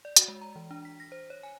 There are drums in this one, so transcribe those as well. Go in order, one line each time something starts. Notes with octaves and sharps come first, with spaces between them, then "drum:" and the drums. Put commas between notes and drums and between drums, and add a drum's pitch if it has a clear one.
D5
F#4, drum: hi-hat
G#3
A#5
E3
D4
B6
A#6
C5
C#5
G#5